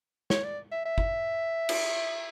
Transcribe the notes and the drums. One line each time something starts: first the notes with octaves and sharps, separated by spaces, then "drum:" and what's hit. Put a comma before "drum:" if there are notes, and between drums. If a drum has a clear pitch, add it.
C#5, drum: snare
D5
E5
E5
drum: kick
drum: cymbal